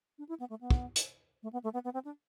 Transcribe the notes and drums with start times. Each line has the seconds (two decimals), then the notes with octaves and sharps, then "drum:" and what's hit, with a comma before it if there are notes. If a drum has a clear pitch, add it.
0.18 D4
0.29 E4
0.40 B3
0.50 A3
0.61 B3
0.70 drum: kick
0.96 drum: hi-hat
1.43 A3
1.53 B3
1.64 A3
1.73 B3
1.84 B3
1.94 C4
2.05 D4